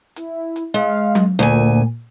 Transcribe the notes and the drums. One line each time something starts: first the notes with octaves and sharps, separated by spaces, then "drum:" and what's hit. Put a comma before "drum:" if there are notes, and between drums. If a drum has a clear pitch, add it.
E4, drum: hi-hat
drum: hi-hat
G#3 F5
drum: tom F#3
D2 A#2 G#5